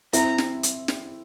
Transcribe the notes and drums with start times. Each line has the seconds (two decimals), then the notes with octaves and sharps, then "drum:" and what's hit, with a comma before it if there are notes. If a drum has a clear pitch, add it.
0.13 C4 E4 A#5, drum: hi-hat
0.38 drum: snare
0.63 drum: hi-hat
0.88 drum: snare